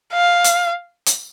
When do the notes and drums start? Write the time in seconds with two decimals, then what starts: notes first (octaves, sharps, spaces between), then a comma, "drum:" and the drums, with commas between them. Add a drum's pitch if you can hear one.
0.13 F5
0.44 drum: hi-hat
1.06 drum: hi-hat